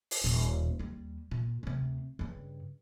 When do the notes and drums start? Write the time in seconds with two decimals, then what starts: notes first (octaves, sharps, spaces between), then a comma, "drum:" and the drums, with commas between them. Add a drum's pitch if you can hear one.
0.11 drum: open hi-hat
0.24 D#1 A#2
0.79 D#2 G3
1.31 A#2
1.63 D2 C3
2.19 G2 C#3